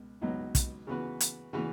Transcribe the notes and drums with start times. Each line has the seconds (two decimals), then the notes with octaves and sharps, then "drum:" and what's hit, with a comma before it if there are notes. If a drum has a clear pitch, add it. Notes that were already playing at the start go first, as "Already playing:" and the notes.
Already playing: C#2 B2
0.21 C#2 B2 F#3 B3 D#4
0.55 drum: kick, hi-hat
0.87 C#3 E3 B3 F#4 B4
1.20 drum: hi-hat
1.53 C#3 E3 B3 F#4 B4